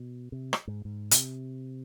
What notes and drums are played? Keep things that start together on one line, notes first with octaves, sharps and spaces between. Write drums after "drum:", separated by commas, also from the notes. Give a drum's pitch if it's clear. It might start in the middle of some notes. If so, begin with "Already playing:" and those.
Already playing: B2
C3
drum: rim click
G#2
G#2
C3, drum: hi-hat